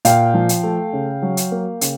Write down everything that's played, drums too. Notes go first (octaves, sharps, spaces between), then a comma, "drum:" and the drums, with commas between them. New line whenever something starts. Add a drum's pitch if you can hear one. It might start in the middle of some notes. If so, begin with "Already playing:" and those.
A#2 F5 G5, drum: hi-hat
F3
drum: hi-hat
A3
C#3
F#3
drum: hi-hat
A#3
C#3, drum: hi-hat